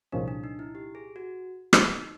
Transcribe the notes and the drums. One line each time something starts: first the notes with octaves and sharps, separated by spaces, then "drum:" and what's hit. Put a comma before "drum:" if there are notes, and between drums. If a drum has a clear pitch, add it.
C2 A#2 F3 G#3 C#4 D4
D4
D#4
E4
G4
G#4
F#4
drum: rim click
D#4